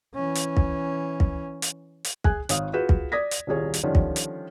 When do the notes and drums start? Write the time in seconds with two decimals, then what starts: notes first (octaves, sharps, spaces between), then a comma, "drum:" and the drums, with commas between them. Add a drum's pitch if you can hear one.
0.14 E3 C#4
0.35 drum: hi-hat
0.57 drum: kick
1.20 drum: kick
1.62 drum: hi-hat
2.05 drum: hi-hat
2.24 G#4 G#5 F#6, drum: kick
2.49 G#1 C#5 F5 D#6, drum: hi-hat
2.73 F4 F#4 G#4 B4 G6 E7
2.89 drum: kick
3.12 D5 D#6 G#6 A#6 B6
3.31 drum: hi-hat
3.47 D#1 C2 F4 G#4 C#5
3.74 drum: hi-hat
3.83 D3 D#3 F3 G3 C#4 D4
3.95 drum: kick
4.16 drum: hi-hat